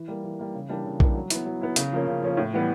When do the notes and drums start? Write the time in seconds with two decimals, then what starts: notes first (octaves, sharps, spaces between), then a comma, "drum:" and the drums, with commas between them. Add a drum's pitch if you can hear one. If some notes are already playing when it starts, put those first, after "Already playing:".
Already playing: E3
0.08 G3 A#3
0.24 E3
0.39 G3 A#3
0.55 C#3
0.69 E3 G3 A#3 D4
0.85 C#3
1.00 E3 G3 A#3 D4, drum: kick A#1
1.15 F#3
1.30 B3 E4, drum: hi-hat
1.46 F#3
1.61 B3 E4
1.76 C#3, drum: hi-hat
1.92 F3 A#3 C#4
2.07 C#3
2.22 F3 A#3 C#4
2.37 A2
2.53 E3 G3 B3